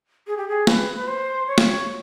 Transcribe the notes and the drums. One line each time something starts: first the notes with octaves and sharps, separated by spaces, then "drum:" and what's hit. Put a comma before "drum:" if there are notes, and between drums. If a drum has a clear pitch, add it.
G#4
G4
G#4
B4, drum: snare
B4
C5
C#5
drum: snare